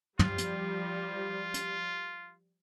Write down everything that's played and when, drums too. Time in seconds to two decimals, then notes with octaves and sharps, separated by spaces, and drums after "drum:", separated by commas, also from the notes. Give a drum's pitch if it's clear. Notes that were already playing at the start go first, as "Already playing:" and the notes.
0.19 F3 G3 F4, drum: tom
0.38 drum: hi-hat
1.54 drum: hi-hat